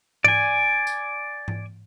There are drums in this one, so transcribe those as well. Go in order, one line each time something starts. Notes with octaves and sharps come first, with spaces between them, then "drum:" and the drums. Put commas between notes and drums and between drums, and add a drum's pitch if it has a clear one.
D5 G#5, drum: tom G#2
drum: tambourine
drum: tom G#2